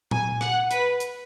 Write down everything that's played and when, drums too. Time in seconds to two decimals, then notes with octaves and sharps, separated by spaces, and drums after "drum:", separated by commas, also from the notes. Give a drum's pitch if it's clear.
0.11 G#5, drum: tom A#2
0.41 F#5, drum: rim click
0.71 B4, drum: hi-hat
1.00 drum: hi-hat